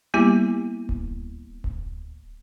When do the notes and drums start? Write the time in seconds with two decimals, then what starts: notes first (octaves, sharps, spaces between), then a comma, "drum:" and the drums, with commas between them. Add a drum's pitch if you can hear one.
0.14 G3 A#3 B3 E4 G4
0.89 drum: kick D1
1.64 drum: kick D1